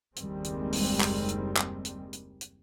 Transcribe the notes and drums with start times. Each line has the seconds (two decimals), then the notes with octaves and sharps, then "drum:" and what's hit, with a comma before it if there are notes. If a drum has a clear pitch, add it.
0.16 F#1 D#2 D#3 G3 G#3 C4, drum: hi-hat
0.44 drum: hi-hat
0.73 drum: open hi-hat
1.01 drum: clap
1.29 drum: hi-hat
1.57 drum: clap
1.85 drum: hi-hat
2.13 drum: hi-hat
2.41 drum: hi-hat